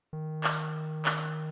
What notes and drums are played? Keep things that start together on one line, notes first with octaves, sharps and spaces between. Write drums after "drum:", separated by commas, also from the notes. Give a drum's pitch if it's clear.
D#3
drum: clap
drum: clap